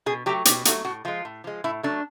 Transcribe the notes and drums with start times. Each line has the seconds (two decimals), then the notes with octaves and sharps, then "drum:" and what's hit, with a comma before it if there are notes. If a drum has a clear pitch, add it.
0.06 B2 G#4
0.26 F#3 A3 G4
0.45 B2 G4, drum: hi-hat
0.65 F#3 A3 F#4, drum: hi-hat
0.85 A2 F#4
1.05 F3 G#3 F4
1.25 A2
1.44 F3 G#3
1.64 A2 E4
1.83 F#3 A3 D4